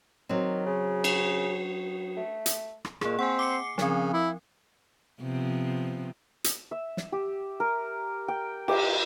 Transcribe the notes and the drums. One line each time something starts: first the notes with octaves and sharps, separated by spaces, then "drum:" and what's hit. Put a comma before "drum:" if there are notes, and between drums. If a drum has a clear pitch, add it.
D#3 F#3 C4
C#3
drum: cymbal
A3
drum: hi-hat
drum: rim click
A#2 A#3 G#4, drum: rim click
C4 F#5 G#5
D6 C7 C#7
C#3 F3 C4, drum: snare
E4
C3 F3 B3
drum: hi-hat
E5
drum: snare
G4
A#4
G5
G4, drum: cymbal